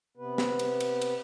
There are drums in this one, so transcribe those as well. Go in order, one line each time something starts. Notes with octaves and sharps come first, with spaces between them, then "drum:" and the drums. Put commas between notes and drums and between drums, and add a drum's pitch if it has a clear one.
C3 B3 B4
drum: snare
drum: cymbal
drum: cymbal
drum: cymbal